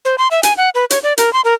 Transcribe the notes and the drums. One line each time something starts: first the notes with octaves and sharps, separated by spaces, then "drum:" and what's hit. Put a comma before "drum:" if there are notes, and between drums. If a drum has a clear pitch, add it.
C5
C6
E5
G#5, drum: hi-hat
F#5
B4
C#5, drum: hi-hat
D5
A#4, drum: hi-hat
C6
A#4